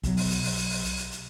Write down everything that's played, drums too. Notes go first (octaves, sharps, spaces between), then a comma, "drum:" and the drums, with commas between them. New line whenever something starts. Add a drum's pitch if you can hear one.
B1 F#3, drum: hi-hat
drum: open hi-hat
drum: hi-hat
drum: open hi-hat
drum: hi-hat
drum: open hi-hat
drum: hi-hat
drum: hi-hat
drum: hi-hat